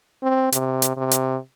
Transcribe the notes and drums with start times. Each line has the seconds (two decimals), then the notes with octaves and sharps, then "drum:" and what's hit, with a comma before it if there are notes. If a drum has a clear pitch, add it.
0.23 C4
0.52 C3, drum: hi-hat
0.82 drum: hi-hat
0.97 C3
1.11 drum: hi-hat